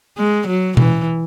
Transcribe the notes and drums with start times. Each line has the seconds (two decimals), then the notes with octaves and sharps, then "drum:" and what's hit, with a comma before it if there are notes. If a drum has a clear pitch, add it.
0.17 G#3
0.47 F#3
0.77 E3, drum: tom B2